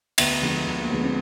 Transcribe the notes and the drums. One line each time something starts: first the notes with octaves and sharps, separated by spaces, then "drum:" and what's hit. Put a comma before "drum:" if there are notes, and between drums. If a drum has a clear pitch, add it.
D2 B3, drum: cymbal
D3 F3 G#3
D2
A#3
D3 F3 G#3 B3
C4